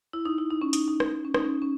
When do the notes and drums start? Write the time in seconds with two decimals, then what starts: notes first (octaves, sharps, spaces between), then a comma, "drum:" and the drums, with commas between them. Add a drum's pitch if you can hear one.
0.13 E4
0.25 D#4
0.38 E4
0.51 D#4
0.62 C#4
0.73 D#4, drum: hi-hat
0.88 D#4
1.00 drum: rim click
1.25 C#4
1.34 D#4, drum: rim click
1.45 C#4
1.62 C#4